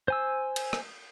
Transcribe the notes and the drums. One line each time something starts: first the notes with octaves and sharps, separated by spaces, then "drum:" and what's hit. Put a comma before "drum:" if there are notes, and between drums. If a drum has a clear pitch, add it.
C5 G#5 E6
drum: cymbal
drum: rim click